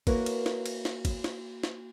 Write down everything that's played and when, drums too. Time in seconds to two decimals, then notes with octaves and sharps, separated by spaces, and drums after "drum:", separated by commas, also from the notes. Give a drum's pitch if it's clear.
0.07 A#3 E4 F#4 A#4 B4 C#5, drum: kick, cymbal
0.26 drum: cymbal
0.46 drum: snare
0.66 drum: cymbal
0.85 drum: snare
1.05 drum: kick, cymbal
1.24 drum: snare
1.64 drum: snare